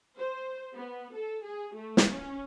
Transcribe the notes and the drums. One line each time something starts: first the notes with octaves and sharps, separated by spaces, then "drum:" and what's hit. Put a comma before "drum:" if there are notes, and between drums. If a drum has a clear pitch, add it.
C5
B3
A4
G#4
A3
drum: snare
C#4